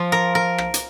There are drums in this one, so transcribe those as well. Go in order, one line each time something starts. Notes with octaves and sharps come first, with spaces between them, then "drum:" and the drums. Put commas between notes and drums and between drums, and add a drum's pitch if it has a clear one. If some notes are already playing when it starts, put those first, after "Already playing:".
Already playing: F3 F4
A#4
A#4
drum: rim click
drum: hi-hat